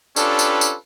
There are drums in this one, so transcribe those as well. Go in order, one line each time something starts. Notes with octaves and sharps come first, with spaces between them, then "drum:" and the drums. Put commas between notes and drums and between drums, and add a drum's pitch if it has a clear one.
C#4 D4 F4 G4 A4 B4, drum: tambourine
drum: tambourine
drum: tambourine